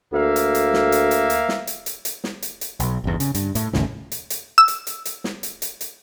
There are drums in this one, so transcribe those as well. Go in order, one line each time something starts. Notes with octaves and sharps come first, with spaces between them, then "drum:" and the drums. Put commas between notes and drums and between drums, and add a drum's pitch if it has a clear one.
D2 A#3 E5 F5
drum: hi-hat
drum: hi-hat
drum: snare
drum: hi-hat
drum: hi-hat
drum: hi-hat
drum: snare
drum: hi-hat
drum: hi-hat
drum: hi-hat
drum: snare
drum: hi-hat
drum: hi-hat
B1, drum: hi-hat
G1 E2
C#3, drum: hi-hat
G2, drum: hi-hat
A2, drum: hi-hat
A1 D#2 A2 C#3, drum: snare
drum: hi-hat
drum: hi-hat
E6
drum: hi-hat
drum: hi-hat
drum: hi-hat
drum: snare
drum: hi-hat
drum: hi-hat
drum: hi-hat